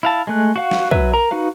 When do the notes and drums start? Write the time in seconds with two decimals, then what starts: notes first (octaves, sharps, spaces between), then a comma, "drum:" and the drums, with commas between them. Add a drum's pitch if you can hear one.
0.03 E4 F5 A5
0.27 G#3 A3 F#6
0.56 F#4 F5 F#5
0.71 drum: snare
0.91 F#3 B4 E5, drum: kick
1.14 A#4 A#5
1.31 D#4 F#4 B4 F5